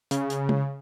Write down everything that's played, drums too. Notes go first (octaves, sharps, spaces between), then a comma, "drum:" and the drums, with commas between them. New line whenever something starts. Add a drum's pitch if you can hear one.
C#3, drum: hi-hat
drum: hi-hat
drum: tom